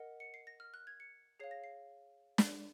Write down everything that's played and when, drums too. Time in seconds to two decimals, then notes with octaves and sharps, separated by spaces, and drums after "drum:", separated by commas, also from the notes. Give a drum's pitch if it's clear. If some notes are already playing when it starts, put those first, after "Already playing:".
Already playing: A#4 D#5 F#5
0.20 C#7
0.34 C7
0.47 A#6
0.60 F6
0.74 F#6
0.87 G#6
1.00 C#7
1.40 G#4 C#5 F5 C7
1.51 A#6
1.64 C7
2.38 drum: snare